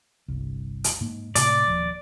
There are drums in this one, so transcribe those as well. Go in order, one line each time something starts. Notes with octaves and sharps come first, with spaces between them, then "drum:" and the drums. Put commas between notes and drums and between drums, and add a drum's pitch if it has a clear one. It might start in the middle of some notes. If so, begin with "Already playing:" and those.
G1 C2
drum: hi-hat
G#2 A#3
A2 C3 D5, drum: hi-hat
D#1 F3